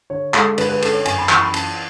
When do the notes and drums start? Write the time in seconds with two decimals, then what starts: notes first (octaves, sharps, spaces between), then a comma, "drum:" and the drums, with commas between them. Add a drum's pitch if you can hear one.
0.10 D3 C#5
0.34 G#3 A4, drum: clap
0.58 D3 B4, drum: cymbal
0.69 B4
0.82 C#4 A4, drum: cymbal
0.93 C#5
1.05 F#2 G#5, drum: cymbal
1.18 B5
1.29 E3 C#6, drum: clap
1.41 B5
1.54 C#4 A5, drum: cymbal